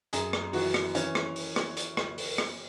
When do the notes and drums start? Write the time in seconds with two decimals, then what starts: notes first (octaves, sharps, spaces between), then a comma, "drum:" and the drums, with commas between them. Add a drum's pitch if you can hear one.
0.13 F#2 G#4, drum: hi-hat
0.33 drum: rim click
0.53 E3 F#4, drum: open hi-hat
0.74 drum: rim click
0.95 E3 C#4 C#5, drum: hi-hat
1.15 drum: rim click
1.36 drum: open hi-hat
1.56 drum: rim click
1.77 drum: hi-hat
1.97 drum: rim click
2.18 drum: open hi-hat
2.38 drum: rim click